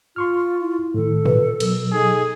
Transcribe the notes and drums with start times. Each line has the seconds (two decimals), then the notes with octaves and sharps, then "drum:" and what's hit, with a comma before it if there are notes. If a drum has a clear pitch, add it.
0.16 F4 C6 C#6 F6
0.61 E4
0.94 A2 D#3 A4
1.26 B4, drum: tom A#2
1.60 B2 F#3 A#4 E6, drum: cymbal
1.92 D#4 G#4 A4